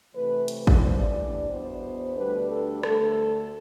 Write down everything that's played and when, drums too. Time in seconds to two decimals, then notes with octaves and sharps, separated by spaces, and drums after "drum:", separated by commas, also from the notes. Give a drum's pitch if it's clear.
0.14 C3 E3 A3 B4
0.48 C5, drum: hi-hat
0.67 drum: kick
0.82 A2 E3 G3 D4 D5
1.49 E2 B2 B3 D4 C5
2.16 D2 D3 G3 D4 B4
2.50 A4
2.83 D2 D3 A3 A4, drum: rim click